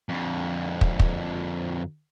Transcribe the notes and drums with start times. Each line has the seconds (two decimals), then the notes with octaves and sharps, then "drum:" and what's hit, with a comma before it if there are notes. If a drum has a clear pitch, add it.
0.09 F2 D3
0.81 drum: kick
0.99 drum: kick